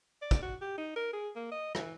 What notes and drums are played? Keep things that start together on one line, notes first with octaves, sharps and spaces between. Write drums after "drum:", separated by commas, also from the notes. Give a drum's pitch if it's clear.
D5
drum: kick, hi-hat
F#4
G4
D#4
A#4
G#4
A#3
D#5
E3, drum: rim click